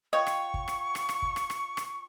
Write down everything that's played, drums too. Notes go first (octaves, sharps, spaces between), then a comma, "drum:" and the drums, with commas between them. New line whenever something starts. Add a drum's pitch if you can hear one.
F4 C#5 D#5 F#5 G5 C#6
drum: rim click
drum: kick
drum: rim click
drum: rim click
drum: rim click
drum: kick
drum: rim click
drum: rim click
drum: rim click